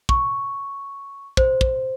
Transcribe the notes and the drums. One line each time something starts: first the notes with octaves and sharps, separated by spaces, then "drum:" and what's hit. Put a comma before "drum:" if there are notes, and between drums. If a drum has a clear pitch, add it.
C#6, drum: kick
C5, drum: kick
drum: kick